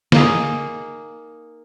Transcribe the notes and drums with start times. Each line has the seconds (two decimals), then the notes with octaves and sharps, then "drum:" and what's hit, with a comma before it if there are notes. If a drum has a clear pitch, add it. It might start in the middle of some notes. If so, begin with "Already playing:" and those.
0.12 A#3 D#4 G#4, drum: snare